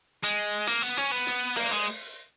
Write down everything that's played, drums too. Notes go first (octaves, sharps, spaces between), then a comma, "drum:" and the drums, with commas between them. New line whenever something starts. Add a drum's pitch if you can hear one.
G#3
A#3, drum: hi-hat
B3
C#4, drum: hi-hat
B3
drum: hi-hat
A#3, drum: open hi-hat
G#3